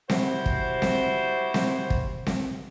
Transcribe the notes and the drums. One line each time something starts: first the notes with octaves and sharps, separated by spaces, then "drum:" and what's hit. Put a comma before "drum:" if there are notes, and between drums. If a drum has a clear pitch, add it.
G3 E4 F#4 C5, drum: snare C4
drum: kick
drum: snare C4
drum: snare C4
drum: kick
drum: snare C4